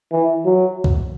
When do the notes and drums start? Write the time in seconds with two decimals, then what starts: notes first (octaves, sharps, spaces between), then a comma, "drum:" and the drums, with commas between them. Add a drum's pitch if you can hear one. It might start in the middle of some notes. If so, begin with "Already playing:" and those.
0.12 E3
0.45 F#3
0.84 drum: kick